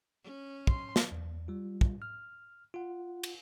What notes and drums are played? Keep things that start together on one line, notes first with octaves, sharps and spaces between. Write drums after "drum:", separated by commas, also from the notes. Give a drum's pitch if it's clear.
C#4
C6, drum: kick
drum: snare
E2
G3 F4
drum: kick
F6
F4 F#5
drum: cymbal